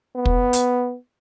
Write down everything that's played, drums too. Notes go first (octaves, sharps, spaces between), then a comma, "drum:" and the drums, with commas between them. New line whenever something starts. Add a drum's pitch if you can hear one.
B3
drum: kick
drum: hi-hat